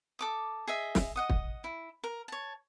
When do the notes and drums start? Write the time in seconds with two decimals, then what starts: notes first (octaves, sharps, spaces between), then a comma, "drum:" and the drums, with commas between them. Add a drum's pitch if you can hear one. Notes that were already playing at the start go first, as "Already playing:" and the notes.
0.19 A4 D6 D#6
0.68 G#4 D#5 E5
0.95 drum: snare
1.16 D#5 F#5 D#6
1.29 drum: kick
1.64 E4
2.04 A#4
2.28 C#5 A5